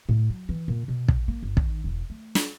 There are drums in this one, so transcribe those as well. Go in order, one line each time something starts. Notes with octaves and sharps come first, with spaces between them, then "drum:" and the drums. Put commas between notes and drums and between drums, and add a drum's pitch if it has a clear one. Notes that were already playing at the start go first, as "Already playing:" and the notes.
A2
F#3
E3
A#2
B2
drum: kick
A#3
G1
D#3, drum: kick
E1
A3
drum: snare